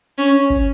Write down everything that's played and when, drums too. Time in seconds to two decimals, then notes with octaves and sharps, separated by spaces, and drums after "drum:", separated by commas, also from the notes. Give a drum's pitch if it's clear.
0.18 C#4
0.50 drum: kick G1